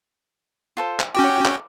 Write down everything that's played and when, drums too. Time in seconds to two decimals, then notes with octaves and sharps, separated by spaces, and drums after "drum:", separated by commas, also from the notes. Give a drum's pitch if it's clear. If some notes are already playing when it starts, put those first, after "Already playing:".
0.77 F4 A4 C5
1.00 drum: clap
1.15 C#4 F#4 G4 G5
1.45 drum: clap